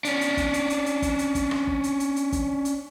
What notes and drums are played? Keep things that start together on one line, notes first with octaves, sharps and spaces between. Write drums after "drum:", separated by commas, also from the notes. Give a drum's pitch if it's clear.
C#4 D4, drum: hi-hat
drum: hi-hat
drum: kick, hi-hat
drum: hi-hat
drum: hi-hat
drum: hi-hat
drum: kick, hi-hat
drum: hi-hat
drum: kick, hi-hat
drum: rim click
drum: kick
drum: hi-hat
drum: hi-hat
drum: hi-hat
drum: kick, hi-hat
drum: hi-hat